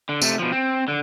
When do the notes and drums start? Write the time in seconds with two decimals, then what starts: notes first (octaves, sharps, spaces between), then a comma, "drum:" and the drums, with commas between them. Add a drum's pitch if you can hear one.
0.09 D3
0.22 C3 A3, drum: tambourine
0.39 B2 F3
0.52 C4
0.88 D3